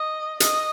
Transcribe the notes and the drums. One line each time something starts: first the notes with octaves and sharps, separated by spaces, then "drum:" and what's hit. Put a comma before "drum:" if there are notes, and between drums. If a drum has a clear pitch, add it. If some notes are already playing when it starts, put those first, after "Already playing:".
Already playing: D#5
D#5, drum: hi-hat